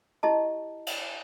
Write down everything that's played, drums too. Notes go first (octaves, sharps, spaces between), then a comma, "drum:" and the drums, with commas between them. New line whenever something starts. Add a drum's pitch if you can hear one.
E4 G4 D#5 A5
drum: cymbal